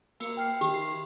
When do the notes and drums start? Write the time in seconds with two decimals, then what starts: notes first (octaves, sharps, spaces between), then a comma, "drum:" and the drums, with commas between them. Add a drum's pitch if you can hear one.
0.20 A#3 E6 C#7, drum: cymbal
0.37 G5 F6 C7
0.61 D#3 G4, drum: cymbal
0.74 C7